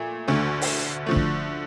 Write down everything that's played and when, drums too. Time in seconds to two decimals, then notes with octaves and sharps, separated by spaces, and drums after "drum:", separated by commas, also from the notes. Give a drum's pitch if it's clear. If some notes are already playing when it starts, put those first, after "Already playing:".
Already playing: A#2 A3
0.28 D2 D3 A3
0.61 drum: open hi-hat
1.06 D3 F3 A3
1.16 drum: kick